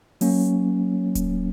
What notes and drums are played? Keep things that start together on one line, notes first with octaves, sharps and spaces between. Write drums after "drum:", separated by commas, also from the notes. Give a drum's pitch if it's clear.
F#3 A#3 C#4, drum: open hi-hat
drum: kick D1, hi-hat